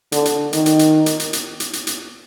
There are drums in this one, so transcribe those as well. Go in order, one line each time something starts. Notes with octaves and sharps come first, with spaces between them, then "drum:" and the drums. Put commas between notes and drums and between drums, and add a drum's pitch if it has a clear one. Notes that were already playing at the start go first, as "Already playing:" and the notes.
D3, drum: hi-hat
drum: hi-hat
D#3, drum: hi-hat
drum: hi-hat
drum: hi-hat
drum: hi-hat
drum: hi-hat
drum: hi-hat
drum: hi-hat
drum: hi-hat
drum: hi-hat